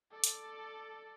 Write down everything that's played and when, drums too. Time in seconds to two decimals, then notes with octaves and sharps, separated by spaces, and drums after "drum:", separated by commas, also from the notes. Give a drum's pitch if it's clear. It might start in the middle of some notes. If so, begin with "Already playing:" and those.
0.11 A4 D5
0.24 drum: hi-hat